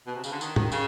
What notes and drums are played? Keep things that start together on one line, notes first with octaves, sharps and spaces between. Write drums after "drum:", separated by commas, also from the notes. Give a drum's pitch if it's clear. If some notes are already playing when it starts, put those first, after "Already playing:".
B2
C3
C#3, drum: tambourine
D3
D#3, drum: tambourine
D#3, drum: tom
C#3, drum: tambourine